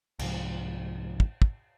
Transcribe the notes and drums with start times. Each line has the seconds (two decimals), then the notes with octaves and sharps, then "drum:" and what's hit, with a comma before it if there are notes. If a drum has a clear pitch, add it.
0.19 C2 G#2 F3, drum: cymbal
1.20 drum: kick
1.42 drum: kick